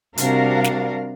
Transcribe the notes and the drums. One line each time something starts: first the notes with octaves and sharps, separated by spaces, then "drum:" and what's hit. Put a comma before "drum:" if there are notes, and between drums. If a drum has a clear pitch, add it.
C3 G3 D4 F#4 A#4 F5, drum: hi-hat
drum: snare